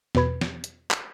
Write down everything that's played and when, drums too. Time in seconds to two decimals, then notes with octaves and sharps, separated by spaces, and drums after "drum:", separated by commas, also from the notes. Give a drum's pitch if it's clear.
0.15 E2 B2 B4 B5 G#6, drum: snare
0.41 drum: snare
0.64 drum: hi-hat
0.91 drum: clap